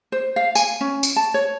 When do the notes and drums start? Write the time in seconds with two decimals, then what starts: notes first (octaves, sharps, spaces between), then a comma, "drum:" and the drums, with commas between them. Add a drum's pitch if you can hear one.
0.12 C5
0.36 F5
0.55 G#5, drum: tambourine
0.81 C#4
1.03 drum: tambourine
1.16 A5
1.34 C#5